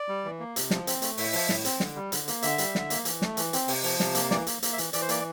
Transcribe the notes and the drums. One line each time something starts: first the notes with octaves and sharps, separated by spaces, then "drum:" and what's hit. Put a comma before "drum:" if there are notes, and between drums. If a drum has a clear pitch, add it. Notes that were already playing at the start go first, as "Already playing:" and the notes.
Already playing: D5
G3
E3
A#3
C3, drum: hi-hat
F3, drum: snare
C4, drum: hi-hat
A3, drum: hi-hat
A2 E5, drum: open hi-hat
F3, drum: open hi-hat
A2, drum: snare
C4, drum: hi-hat
D3, drum: snare
G3
D3, drum: hi-hat
A#3, drum: hi-hat
D3 E5, drum: hi-hat
G3, drum: hi-hat
D3, drum: snare
A#3, drum: hi-hat
E3, drum: hi-hat
A3, drum: snare
E3, drum: hi-hat
C4, drum: hi-hat
C3, drum: open hi-hat
F3, drum: open hi-hat
C3, drum: snare
A#3, drum: hi-hat
E3 D5, drum: snare
A#3, drum: hi-hat
A#3, drum: hi-hat
E5
E3, drum: hi-hat
E3 D5, drum: hi-hat
C5
A#3 D5, drum: hi-hat